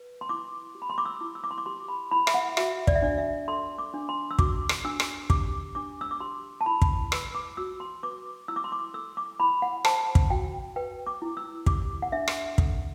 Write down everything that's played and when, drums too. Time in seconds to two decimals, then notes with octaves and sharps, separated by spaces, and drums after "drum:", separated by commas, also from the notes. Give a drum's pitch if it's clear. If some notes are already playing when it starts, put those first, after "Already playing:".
Already playing: B4
0.21 C6
0.29 E4 D6
0.75 G4
0.82 B5
0.90 C6
0.98 D6
1.06 E6
1.21 E4
1.35 E6
1.44 D6
1.51 C6
1.58 D6
1.66 G4 C6
1.88 B5
2.11 E4 B5
2.27 E5, drum: rim click
2.34 F#5
2.57 F#4 E5, drum: rim click
2.87 D5, drum: kick
2.96 E5
3.02 D4 D5
3.18 E5
3.48 A4 C6
3.78 D6
3.94 D4
4.09 C6
4.31 E6
4.39 F#4 D6, drum: kick
4.69 drum: rim click
4.85 D4 E6
5.00 drum: rim click
5.30 G4 D6, drum: kick
5.75 D4 D6
6.01 E6
6.11 D6
6.20 G4 C6
6.61 A5
6.66 E4 B5
6.82 drum: kick
7.12 B4 E6, drum: rim click
7.35 D6
7.57 F#4 E6
7.80 C6
8.03 B4 D6
8.48 E4 E6
8.56 D6
8.64 C6
8.72 D6
8.94 A4 E6
9.17 D6
9.39 E4 B5
9.62 F#5
9.85 C5 A5, drum: rim click
10.15 drum: kick
10.30 F#4 G5
10.76 B4 G5
11.07 D6
11.22 E4
11.37 E6
11.66 G4 D6, drum: kick
12.02 F#5
12.12 D4 E5
12.28 drum: rim click
12.58 A4, drum: kick